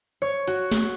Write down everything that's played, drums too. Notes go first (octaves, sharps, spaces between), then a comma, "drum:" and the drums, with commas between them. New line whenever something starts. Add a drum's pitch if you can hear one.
C#5
F#4, drum: hi-hat
drum: snare